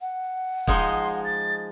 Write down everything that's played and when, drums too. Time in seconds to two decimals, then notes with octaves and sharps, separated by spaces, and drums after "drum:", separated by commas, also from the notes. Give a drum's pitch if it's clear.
0.01 F#5
0.67 F3 G#3 D#4 C6, drum: kick
1.25 A6